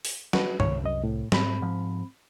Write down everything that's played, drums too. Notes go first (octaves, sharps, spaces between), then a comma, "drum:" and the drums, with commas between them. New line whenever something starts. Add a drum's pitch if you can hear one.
drum: open hi-hat
F#4 B4, drum: snare
C2 C#5, drum: tom G2
F#2 D#5
A2
G#2 C4 B5, drum: snare
G#2 F3